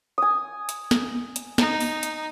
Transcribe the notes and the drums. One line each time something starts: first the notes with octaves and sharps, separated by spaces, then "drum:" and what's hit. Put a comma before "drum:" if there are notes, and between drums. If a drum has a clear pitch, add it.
G#5 D#6
drum: hi-hat
drum: snare
drum: hi-hat
D#4, drum: snare
drum: open hi-hat
drum: hi-hat